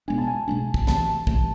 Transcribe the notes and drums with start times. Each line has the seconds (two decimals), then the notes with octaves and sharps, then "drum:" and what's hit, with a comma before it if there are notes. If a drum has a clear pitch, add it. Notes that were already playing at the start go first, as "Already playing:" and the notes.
0.08 B2 G#3 B3 D4 G#5
0.18 A5
0.27 G#5
0.48 B2 G#3 B3 D4
0.74 drum: kick
0.87 C#2 C3 E3 A3 A5, drum: snare
1.27 C#2 C3 E3 A3, drum: kick